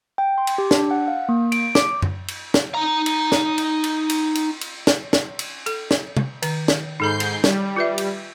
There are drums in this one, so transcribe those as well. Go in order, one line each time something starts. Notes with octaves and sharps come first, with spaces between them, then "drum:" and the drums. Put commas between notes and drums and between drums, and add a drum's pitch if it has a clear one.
G5
C6
drum: cymbal
G4
D4, drum: snare
F#5
F5
A#3
D7, drum: cymbal
D6, drum: snare
drum: tom F#2
drum: cymbal
drum: snare
D#4 A#5
drum: cymbal
drum: snare
drum: cymbal
drum: cymbal
drum: cymbal
drum: cymbal
drum: cymbal
drum: snare
drum: snare
drum: cymbal
A4, drum: cymbal
drum: snare
drum: tom
D#3, drum: cymbal
drum: snare
G#2 D#4 A4 B5 G6 C7
drum: cymbal
G3, drum: snare
F4 B4 E5
drum: cymbal